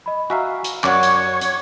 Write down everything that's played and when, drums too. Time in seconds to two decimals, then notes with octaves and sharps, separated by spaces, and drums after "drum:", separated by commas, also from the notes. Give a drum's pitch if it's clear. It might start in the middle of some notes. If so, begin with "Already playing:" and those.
0.06 D#5 B5
0.30 F#4 E5 F5 G#5 A#5
0.64 drum: hi-hat
0.84 F#2 C#5 D5 F#5 C#6 D6, drum: clap
1.03 drum: hi-hat
1.41 drum: hi-hat